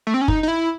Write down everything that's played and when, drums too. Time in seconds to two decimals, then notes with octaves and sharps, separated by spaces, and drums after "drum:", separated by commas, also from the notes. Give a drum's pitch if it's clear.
0.07 A3
0.14 C4
0.21 C#4
0.28 D#4, drum: kick
0.43 D#4
0.48 E4